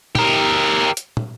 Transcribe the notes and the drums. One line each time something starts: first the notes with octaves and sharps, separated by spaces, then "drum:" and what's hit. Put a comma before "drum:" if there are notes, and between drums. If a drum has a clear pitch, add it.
G4 A#4, drum: tom
drum: hi-hat
drum: tom